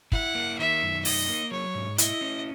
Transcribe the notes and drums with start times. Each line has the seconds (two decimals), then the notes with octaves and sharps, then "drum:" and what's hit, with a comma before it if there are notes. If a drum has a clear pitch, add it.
0.12 E4 F#5, drum: kick
0.35 A#3
0.58 D#3 E5
0.82 F#2
1.05 D#4 D#5, drum: open hi-hat
1.28 A#3
1.52 F#3 C#5
1.75 G#2
1.98 E4 D#5, drum: hi-hat
2.21 C#4